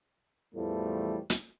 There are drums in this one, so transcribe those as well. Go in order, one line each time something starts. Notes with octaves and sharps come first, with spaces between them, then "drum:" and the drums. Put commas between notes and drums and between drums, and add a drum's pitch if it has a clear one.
E2 A2 E3 F3 G3 A3
drum: hi-hat